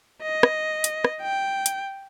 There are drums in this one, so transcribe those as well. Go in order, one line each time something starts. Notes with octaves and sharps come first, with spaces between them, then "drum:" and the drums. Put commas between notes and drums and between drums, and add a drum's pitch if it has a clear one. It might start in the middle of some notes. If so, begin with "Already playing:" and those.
D#5
drum: rim click
drum: hi-hat
drum: rim click
G5
drum: hi-hat